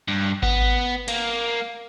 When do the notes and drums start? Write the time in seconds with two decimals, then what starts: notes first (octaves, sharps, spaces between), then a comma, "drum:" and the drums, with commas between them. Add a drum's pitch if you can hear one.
0.08 G2
0.43 B3, drum: kick G#1
1.08 A#3, drum: cymbal